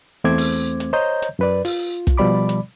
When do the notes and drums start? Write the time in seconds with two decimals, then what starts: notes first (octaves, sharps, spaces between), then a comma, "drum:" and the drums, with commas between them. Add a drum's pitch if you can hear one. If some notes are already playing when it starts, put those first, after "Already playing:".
0.24 E2 A3 C4 C5 D6 G#6
0.38 drum: open hi-hat
0.80 drum: hi-hat
0.93 C5 C#5 D#5 A#5 G6
1.22 drum: hi-hat
1.39 F#2 B4 D5
1.65 F4, drum: open hi-hat
2.07 drum: kick, hi-hat
2.18 B2 F3 G3 D5 B5 D6
2.49 drum: hi-hat